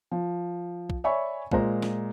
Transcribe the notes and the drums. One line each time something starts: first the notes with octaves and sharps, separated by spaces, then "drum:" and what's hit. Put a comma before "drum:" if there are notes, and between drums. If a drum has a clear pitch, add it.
F3
drum: kick
C#5 D5 E5 G#5 B5 C#6
A#2 G#3 C5 A#5, drum: kick
drum: snare